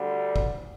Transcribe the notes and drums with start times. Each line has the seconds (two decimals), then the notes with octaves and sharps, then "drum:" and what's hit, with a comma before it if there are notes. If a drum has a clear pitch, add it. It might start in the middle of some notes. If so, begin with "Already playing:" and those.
Already playing: D2 D3 G3
0.36 drum: kick